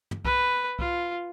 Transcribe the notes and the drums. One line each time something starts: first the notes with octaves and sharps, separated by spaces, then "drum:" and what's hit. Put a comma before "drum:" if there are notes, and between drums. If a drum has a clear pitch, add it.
drum: tom
B4, drum: kick C2
F4, drum: kick C2